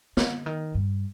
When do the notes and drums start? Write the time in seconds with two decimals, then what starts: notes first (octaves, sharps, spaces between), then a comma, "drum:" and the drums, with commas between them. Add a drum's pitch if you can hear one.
0.17 D3, drum: snare
0.46 D#3
0.75 G2